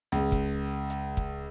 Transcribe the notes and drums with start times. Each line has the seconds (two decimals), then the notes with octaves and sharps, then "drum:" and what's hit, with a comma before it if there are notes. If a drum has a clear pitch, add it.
0.12 C#2
0.32 drum: kick
0.90 drum: hi-hat
1.17 drum: kick